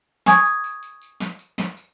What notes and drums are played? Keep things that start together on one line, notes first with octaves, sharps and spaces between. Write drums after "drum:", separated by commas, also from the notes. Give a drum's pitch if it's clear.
G#5 C#6 D#6 G#6, drum: snare
drum: tambourine
drum: tambourine
drum: tambourine
drum: tambourine
drum: snare
drum: tambourine
drum: snare
drum: tambourine